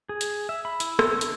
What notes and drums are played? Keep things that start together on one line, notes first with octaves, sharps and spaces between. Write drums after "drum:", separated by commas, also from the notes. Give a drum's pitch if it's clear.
G#4
drum: hi-hat
E5
B5
E4, drum: hi-hat
E6, drum: rim click
D4, drum: hi-hat